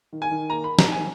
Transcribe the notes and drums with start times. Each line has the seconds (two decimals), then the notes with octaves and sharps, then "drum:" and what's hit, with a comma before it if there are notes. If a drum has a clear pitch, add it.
0.12 D#3
0.22 G#5
0.31 D#3
0.50 A#3 A#5
0.64 A#3 B5
0.79 A#5, drum: snare
0.87 D#3 G#5